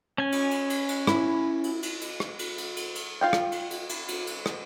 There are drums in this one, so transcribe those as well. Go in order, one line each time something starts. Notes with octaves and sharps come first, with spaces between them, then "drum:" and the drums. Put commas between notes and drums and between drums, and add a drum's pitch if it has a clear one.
C#4 G#5
drum: cymbal
drum: cymbal
drum: cymbal
drum: cymbal
E4, drum: rim click
drum: cymbal
drum: cymbal
drum: cymbal
drum: rim click
drum: cymbal
drum: cymbal
drum: cymbal
drum: cymbal
F4 F5 G5
drum: rim click
drum: cymbal
drum: cymbal
drum: cymbal
drum: cymbal
drum: cymbal
drum: rim click